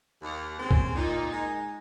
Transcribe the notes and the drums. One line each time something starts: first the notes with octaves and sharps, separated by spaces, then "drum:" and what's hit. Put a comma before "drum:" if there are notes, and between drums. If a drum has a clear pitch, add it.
D#2
C#3 G#3 C4
drum: kick C#2
A#2 D#4
G#3